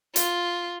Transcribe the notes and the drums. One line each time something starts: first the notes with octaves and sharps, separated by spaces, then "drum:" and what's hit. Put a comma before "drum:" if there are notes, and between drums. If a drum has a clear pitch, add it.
F4, drum: hi-hat